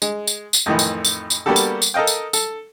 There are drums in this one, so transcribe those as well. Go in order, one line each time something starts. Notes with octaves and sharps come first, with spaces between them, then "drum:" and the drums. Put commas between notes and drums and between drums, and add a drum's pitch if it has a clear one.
G#3, drum: tambourine
drum: tambourine
drum: tambourine
F2 A2 D#3 E3
drum: tambourine
drum: tambourine
drum: tambourine
G3 A#3 B3 F#4 G4 A4
drum: tambourine
drum: tambourine
A4 A#4 D#5 F5 G5
drum: tambourine
A4, drum: tambourine